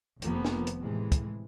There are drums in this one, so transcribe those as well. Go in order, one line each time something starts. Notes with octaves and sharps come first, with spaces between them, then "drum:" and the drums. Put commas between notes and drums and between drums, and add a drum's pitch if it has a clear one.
F1 F2 D#3 F3 A#3 B3, drum: hi-hat
drum: snare
drum: hi-hat
A2 C3 E3 G#3
drum: kick, hi-hat